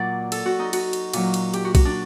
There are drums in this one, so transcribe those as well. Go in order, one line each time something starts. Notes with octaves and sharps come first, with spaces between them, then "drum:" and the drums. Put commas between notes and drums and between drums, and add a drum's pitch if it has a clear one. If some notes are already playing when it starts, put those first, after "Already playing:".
Already playing: A#2 F#3 D5 F#5
A4, drum: cymbal
F#4
D#4
F#4, drum: cymbal
drum: cymbal
A#2 F#3, drum: cymbal
drum: cymbal
G4, drum: cymbal
F#4
F#4, drum: kick B1, cymbal
D4